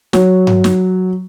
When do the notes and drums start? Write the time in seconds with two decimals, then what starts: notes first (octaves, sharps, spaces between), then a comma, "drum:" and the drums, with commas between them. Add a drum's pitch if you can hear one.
0.13 F#3, drum: snare
0.47 drum: tom G2
0.64 drum: snare